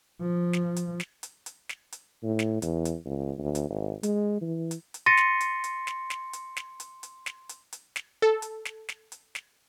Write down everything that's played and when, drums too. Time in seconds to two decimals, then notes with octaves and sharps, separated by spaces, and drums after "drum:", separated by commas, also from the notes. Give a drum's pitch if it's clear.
0.21 F3
0.53 drum: snare
0.76 drum: hi-hat
1.00 drum: snare
1.23 drum: hi-hat
1.46 drum: hi-hat
1.69 drum: snare
1.92 drum: hi-hat
2.23 A2
2.39 drum: snare
2.62 E2, drum: hi-hat
2.85 drum: hi-hat
3.05 C#2
3.38 D2
3.55 drum: hi-hat
3.70 G#1
4.03 G#3, drum: hi-hat
4.41 E3
4.71 drum: hi-hat
4.94 drum: hi-hat
5.06 C6 A6 A#6 C#7 D#7
5.17 drum: snare
5.40 drum: hi-hat
5.64 drum: hi-hat
5.87 drum: snare
6.10 drum: snare
6.33 drum: hi-hat
6.56 drum: snare
6.80 drum: hi-hat
7.03 drum: hi-hat
7.26 drum: snare
7.49 drum: hi-hat
7.73 drum: hi-hat
7.96 drum: snare
8.22 A4
8.42 drum: hi-hat
8.65 drum: snare
8.89 drum: snare
9.12 drum: hi-hat
9.35 drum: snare